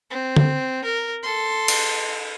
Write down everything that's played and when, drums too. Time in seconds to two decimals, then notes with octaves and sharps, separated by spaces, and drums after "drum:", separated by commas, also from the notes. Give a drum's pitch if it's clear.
0.11 C4
0.36 drum: tom D3
0.84 A#4
1.23 A4 C6
1.68 drum: cymbal